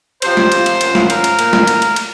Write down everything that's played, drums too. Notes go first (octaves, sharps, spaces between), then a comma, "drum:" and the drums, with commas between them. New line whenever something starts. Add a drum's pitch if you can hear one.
C3 F3 C5, drum: cymbal
drum: snare
drum: cymbal
drum: cymbal
F#2 F3, drum: cymbal
drum: snare
A#4, drum: cymbal
drum: cymbal
A#2 F3, drum: cymbal
drum: snare
drum: cymbal
drum: cymbal
drum: cymbal